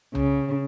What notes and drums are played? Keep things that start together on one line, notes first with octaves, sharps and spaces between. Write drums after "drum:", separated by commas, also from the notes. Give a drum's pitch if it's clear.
C#3, drum: tom C2